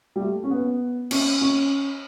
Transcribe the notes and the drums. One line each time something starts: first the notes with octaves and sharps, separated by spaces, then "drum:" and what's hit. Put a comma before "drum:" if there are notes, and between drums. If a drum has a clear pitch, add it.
G3
A3
C#4
B3
C#4, drum: cymbal
C#4